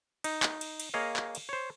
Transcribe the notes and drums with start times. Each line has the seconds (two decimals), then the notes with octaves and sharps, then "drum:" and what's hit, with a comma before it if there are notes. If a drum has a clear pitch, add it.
0.24 D#4, drum: cymbal
0.43 drum: clap
0.61 drum: cymbal
0.80 drum: cymbal
0.94 A#3 G#4 C#5 D#5 F5
1.16 drum: clap
1.35 drum: cymbal
1.49 C5 C#5